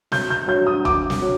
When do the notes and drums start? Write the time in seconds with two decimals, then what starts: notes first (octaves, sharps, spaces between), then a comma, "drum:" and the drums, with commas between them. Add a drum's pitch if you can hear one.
0.12 F#3 G6, drum: snare
0.30 G6
0.48 F#3 G6
0.67 D#6
0.85 D#2 D6, drum: kick
1.10 drum: snare
1.22 F#3